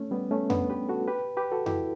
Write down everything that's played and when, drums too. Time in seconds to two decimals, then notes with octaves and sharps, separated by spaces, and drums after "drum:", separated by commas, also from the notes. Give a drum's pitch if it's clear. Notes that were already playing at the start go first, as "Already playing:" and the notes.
Already playing: A3 C#4
0.11 G3 B3
0.31 A3 C#4
0.50 B3 D4, drum: tom F2
0.70 G4 B4
0.89 F#4 A4
1.08 G4 B4
1.37 G4 B4
1.52 F#4 A4
1.66 E4 G4, drum: tom F2